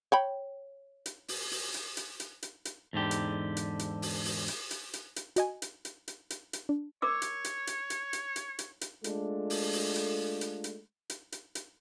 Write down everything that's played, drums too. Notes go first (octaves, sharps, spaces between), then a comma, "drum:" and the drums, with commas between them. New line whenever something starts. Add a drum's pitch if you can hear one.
C#5 G5 B5
drum: hi-hat
drum: open hi-hat
drum: open hi-hat
drum: hi-hat
drum: hi-hat
drum: hi-hat
drum: hi-hat
drum: hi-hat
E2 G#2 D3 G4
drum: hi-hat
drum: hi-hat
drum: hi-hat
drum: open hi-hat
drum: open hi-hat
drum: hi-hat
drum: hi-hat
drum: hi-hat
drum: hi-hat
F#4 D#5 G#5, drum: hi-hat
drum: hi-hat
drum: hi-hat
drum: hi-hat
drum: hi-hat
drum: hi-hat
D4
A#4 C#5 D6 E6
drum: hi-hat
drum: hi-hat
drum: hi-hat
drum: hi-hat
drum: hi-hat
drum: hi-hat
drum: hi-hat
drum: hi-hat
G#3 A3 D4 F4 A4, drum: hi-hat
drum: open hi-hat
drum: open hi-hat
drum: hi-hat
drum: hi-hat
drum: hi-hat
drum: hi-hat
drum: hi-hat
drum: hi-hat